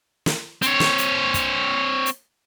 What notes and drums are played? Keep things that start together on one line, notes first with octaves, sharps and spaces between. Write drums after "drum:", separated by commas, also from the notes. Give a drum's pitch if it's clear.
drum: snare
C4 C#5, drum: hi-hat
drum: snare
drum: hi-hat
drum: kick, hi-hat
drum: hi-hat